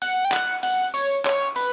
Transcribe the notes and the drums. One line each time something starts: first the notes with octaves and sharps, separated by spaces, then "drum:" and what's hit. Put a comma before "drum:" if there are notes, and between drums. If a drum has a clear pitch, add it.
F#5, drum: hi-hat
G5
F#5, drum: clap
F#5, drum: hi-hat
C#5, drum: hi-hat
C#5, drum: clap
B4, drum: hi-hat